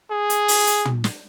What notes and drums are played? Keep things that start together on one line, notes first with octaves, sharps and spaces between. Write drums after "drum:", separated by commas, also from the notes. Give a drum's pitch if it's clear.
G#4
drum: hi-hat
drum: open hi-hat
drum: hi-hat
drum: tom
drum: snare